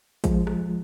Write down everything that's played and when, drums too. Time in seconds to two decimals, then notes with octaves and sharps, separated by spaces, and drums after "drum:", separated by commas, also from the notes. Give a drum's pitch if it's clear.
0.24 F3 G#3, drum: kick, hi-hat
0.47 drum: rim click